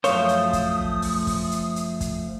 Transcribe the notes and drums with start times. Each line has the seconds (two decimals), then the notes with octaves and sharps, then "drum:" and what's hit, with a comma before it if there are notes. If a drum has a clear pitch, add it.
0.04 F#2 F3 A3 C5 C#5 F5 D#6, drum: hi-hat
0.29 drum: hi-hat
0.53 drum: kick, hi-hat
0.78 drum: tom
1.02 drum: open hi-hat
1.27 drum: kick, open hi-hat
1.51 drum: hi-hat
1.76 drum: hi-hat
2.01 drum: kick, hi-hat